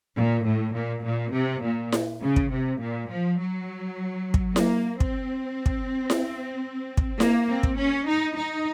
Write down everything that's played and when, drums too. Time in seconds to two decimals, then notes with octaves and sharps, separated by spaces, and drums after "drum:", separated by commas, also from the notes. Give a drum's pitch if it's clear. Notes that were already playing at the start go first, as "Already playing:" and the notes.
0.17 A#2
0.46 A2
0.75 A#2
1.04 A#2
1.33 C3
1.63 A#2
1.92 drum: snare E4
2.22 C#3
2.36 drum: kick
2.51 C3
2.80 A#2
3.10 F3
3.39 F#3
4.34 drum: kick
4.56 A#3, drum: snare E4
5.00 C4, drum: kick
5.66 drum: kick
6.10 drum: snare E4
6.97 drum: kick
7.20 A#3, drum: snare E4
7.49 C4
7.63 drum: kick
7.78 C#4
8.07 D#4
8.36 D#4